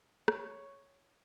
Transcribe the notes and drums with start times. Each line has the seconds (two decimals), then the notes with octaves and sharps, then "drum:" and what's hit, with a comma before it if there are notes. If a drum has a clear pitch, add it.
0.28 C#5, drum: rim click